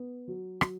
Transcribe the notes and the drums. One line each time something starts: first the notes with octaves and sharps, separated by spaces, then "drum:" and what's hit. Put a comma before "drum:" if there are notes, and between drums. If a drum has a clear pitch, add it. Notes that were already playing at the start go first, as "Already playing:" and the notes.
Already playing: B3
F#3
F#3, drum: rim click